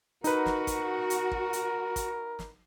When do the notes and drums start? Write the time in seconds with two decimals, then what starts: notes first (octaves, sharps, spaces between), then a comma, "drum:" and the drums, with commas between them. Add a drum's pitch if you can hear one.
0.24 D#4 F#4 A#4 B4, drum: hi-hat
0.46 drum: snare
0.67 drum: kick, hi-hat
1.10 drum: hi-hat
1.31 drum: kick
1.53 drum: hi-hat
1.96 drum: kick, hi-hat
2.39 drum: snare